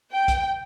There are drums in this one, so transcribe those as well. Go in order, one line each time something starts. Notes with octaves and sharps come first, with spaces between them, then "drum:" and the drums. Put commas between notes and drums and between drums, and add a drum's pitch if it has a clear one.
G5
drum: kick, hi-hat